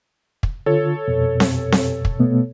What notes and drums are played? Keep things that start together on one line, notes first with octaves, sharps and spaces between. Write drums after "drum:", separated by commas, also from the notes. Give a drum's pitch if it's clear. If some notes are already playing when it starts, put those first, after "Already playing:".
drum: kick
D3 F4 A4 C#5
F2 B2
drum: snare C4
drum: snare C4
drum: kick
B2 A3 B3